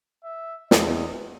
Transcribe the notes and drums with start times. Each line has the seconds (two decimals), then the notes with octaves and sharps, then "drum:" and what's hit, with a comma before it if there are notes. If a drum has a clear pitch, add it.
0.24 E5
0.71 E2 D#5, drum: snare